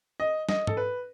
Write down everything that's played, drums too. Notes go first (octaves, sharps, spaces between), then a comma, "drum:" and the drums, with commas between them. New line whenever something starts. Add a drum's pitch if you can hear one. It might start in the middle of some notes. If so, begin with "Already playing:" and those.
D#5
D#5, drum: snare
A4, drum: tom
B4